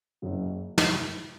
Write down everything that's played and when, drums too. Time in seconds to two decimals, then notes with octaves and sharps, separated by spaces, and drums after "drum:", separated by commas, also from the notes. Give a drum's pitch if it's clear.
0.22 F#1 F#2 C#3
0.78 drum: snare